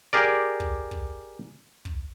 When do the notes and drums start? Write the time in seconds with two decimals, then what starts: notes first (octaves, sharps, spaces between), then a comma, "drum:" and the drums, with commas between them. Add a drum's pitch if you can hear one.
0.13 G4 G#4 A#4 D5
0.60 drum: kick
0.91 drum: kick
1.85 drum: kick